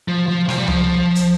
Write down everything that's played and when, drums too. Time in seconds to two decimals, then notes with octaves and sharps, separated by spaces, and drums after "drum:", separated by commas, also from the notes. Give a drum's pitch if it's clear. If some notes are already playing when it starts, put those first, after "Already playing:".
0.08 F3
0.28 F3
0.49 F3, drum: snare
0.58 G3
0.68 F3, drum: tom C#2
1.15 drum: hi-hat